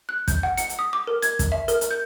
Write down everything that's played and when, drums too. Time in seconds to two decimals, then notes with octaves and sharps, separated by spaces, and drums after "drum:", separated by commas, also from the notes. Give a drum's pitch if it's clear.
0.09 F#6
0.28 G6, drum: kick, hi-hat
0.43 F#5
0.58 C#7, drum: hi-hat
0.69 drum: hi-hat
0.79 D#6
0.93 D6
1.07 A#4
1.22 G#6, drum: hi-hat
1.39 drum: kick, hi-hat
1.52 E5
1.68 A#4, drum: hi-hat
1.81 drum: hi-hat
1.91 G6